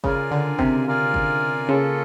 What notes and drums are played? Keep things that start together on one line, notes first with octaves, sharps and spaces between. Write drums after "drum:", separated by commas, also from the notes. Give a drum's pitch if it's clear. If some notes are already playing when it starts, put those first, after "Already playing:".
C#3 F4 A#4 D5 F5 G#5, drum: kick
D3
C3, drum: kick
F4 A#4 D5 F5 G#5
drum: kick
C#3 A#3 C#4 F4 A4